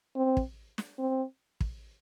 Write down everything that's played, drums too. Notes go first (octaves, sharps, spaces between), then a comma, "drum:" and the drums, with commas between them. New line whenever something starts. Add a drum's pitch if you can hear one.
C4
drum: kick
drum: snare
C4
drum: kick